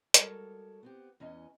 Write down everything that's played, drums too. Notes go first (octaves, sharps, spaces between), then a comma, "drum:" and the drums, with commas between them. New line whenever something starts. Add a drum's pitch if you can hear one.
G3 G#3 F#4 A4 A#4 C#5, drum: hi-hat
B3 C4 G4
E2 C#4 D#5 G#5